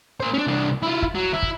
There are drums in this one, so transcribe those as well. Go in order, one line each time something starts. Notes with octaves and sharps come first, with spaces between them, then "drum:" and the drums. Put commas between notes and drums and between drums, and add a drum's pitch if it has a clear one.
A#3 C5
C#4 D4
C2 D4
E4 F4
drum: kick
F#3
E4
drum: kick